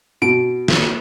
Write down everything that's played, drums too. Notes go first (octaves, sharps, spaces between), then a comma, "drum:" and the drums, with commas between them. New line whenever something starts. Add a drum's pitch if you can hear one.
B2 D7
drum: snare